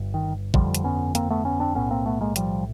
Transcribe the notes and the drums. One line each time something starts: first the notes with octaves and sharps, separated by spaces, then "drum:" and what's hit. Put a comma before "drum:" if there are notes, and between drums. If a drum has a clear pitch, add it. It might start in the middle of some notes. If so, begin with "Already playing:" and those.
Already playing: G1 G2
D#3
G1 F2 D3 F3 G3, drum: kick
drum: hi-hat
B3 C#4
A#3 C4, drum: hi-hat
A3 B3
B3 C#4
C4 D4
B1 A2 B3 C#4
A#3 C4
A3 B3
G#3 A#3
F3 G3, drum: hi-hat